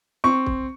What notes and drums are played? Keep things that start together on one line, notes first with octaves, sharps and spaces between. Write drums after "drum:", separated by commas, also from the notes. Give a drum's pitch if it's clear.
C4 C#6
drum: kick